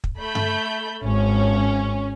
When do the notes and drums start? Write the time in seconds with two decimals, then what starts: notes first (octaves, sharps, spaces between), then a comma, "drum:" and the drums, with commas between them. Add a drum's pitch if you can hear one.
0.04 drum: kick
0.18 A3 B5 G6
0.35 drum: tom G2
1.04 G#1 C#4